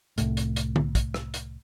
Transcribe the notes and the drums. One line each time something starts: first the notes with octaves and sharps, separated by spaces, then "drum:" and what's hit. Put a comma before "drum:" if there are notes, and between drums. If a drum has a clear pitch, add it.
C2 A2, drum: hi-hat
drum: hi-hat
drum: hi-hat
drum: tom D3
drum: kick, hi-hat
drum: rim click
drum: hi-hat